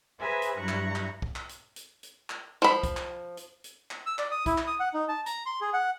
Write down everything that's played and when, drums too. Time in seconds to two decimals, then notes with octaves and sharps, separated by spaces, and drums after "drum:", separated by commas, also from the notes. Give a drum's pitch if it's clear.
0.19 G#4 B4 C5 E5 G#5 A#5
0.42 drum: hi-hat
0.59 G2 F#3 E4 A#5 C#6 F#6
0.69 drum: clap
0.95 drum: clap
1.22 drum: kick
1.36 drum: clap
1.49 drum: hi-hat
1.76 drum: hi-hat
2.03 drum: hi-hat
2.30 drum: clap
2.62 F3 B5
2.83 drum: kick, hi-hat
2.97 drum: clap
3.37 drum: hi-hat
3.64 drum: hi-hat
3.91 drum: clap
4.06 E6
4.19 D5, drum: clap
4.31 D#6
4.46 E4, drum: kick, hi-hat
4.58 drum: clap
4.67 D#6
4.80 F#5
4.94 D#4
5.09 A5
5.26 A#5, drum: hi-hat
5.46 C6
5.61 G#4
5.73 F#5